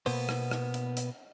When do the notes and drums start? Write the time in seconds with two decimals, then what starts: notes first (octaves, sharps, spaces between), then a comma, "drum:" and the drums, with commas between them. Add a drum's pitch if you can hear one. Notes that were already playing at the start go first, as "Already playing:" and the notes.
0.06 B2 A#3 B3 C5, drum: open hi-hat
0.29 drum: rim click
0.51 drum: rim click
0.74 drum: hi-hat
0.97 drum: hi-hat